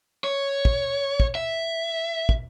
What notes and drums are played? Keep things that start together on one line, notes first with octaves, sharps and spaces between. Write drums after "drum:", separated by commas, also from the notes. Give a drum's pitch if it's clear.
C#5
drum: kick
drum: kick
E5
drum: kick